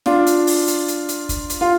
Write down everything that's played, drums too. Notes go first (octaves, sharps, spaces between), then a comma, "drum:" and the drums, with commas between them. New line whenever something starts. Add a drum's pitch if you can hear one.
D4 F4, drum: snare
drum: hi-hat
drum: open hi-hat
drum: hi-hat
drum: hi-hat
drum: hi-hat
drum: kick, hi-hat
drum: hi-hat
F4